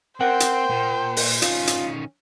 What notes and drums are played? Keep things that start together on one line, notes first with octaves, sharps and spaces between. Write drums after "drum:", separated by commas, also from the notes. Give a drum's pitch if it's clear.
C4 A#4 C5 F#5 G5
drum: hi-hat
A#2
drum: open hi-hat
D#3 C#4 F4, drum: hi-hat
drum: hi-hat